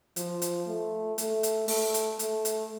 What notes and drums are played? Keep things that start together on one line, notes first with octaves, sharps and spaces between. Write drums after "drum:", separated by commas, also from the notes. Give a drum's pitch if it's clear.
F3, drum: hi-hat
drum: hi-hat
A3
A3, drum: hi-hat
drum: hi-hat
A3, drum: open hi-hat
drum: hi-hat
A3, drum: hi-hat
drum: hi-hat